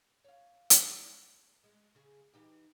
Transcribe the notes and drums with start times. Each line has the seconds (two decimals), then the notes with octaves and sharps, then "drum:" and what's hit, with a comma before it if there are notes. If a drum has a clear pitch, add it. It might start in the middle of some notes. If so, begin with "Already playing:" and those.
0.24 C#5 F5
0.70 drum: hi-hat
1.64 G#3
1.95 C#3 G#4
2.34 E3 D#4 G4